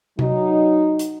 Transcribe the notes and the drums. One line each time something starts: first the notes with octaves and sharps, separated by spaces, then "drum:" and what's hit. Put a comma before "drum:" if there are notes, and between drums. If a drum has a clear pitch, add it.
F#3 D#4, drum: tom C3
drum: hi-hat